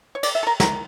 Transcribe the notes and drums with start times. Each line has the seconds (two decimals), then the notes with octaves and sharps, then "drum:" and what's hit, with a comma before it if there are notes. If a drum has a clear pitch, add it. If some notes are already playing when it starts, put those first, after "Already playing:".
0.15 C#5
0.23 D5, drum: cymbal
0.35 E5
0.43 A4
0.47 A#4
0.60 A#4, drum: snare